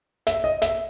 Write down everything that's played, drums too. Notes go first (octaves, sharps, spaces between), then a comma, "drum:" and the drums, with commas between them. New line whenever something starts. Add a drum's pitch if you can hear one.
E5, drum: snare
D#5
E5, drum: snare